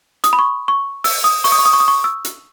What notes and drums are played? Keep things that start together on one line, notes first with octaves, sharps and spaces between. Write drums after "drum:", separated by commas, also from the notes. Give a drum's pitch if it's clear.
D#6, drum: hi-hat
B5
C#6
C#6
E6, drum: open hi-hat
D#6
C#6, drum: open hi-hat
D#6
C#6
D#6
C#6
D#6
C#6
E6
drum: hi-hat